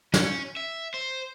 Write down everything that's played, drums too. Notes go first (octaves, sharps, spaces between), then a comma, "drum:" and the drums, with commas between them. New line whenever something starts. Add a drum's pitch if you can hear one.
C#4, drum: snare
E5
C5